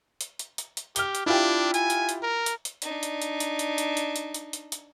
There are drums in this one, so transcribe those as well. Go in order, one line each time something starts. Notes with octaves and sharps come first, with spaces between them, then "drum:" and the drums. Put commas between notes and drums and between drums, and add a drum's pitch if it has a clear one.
drum: hi-hat
drum: hi-hat
drum: hi-hat
drum: hi-hat
G4 F6 G7, drum: hi-hat
drum: hi-hat
D4 E4 F4 G4
G#5, drum: hi-hat
drum: hi-hat
drum: hi-hat
A#4
drum: hi-hat
drum: hi-hat
D4 D#4, drum: hi-hat
drum: hi-hat
drum: hi-hat
drum: hi-hat
drum: hi-hat
drum: hi-hat
drum: hi-hat
drum: hi-hat
drum: hi-hat
drum: hi-hat
drum: hi-hat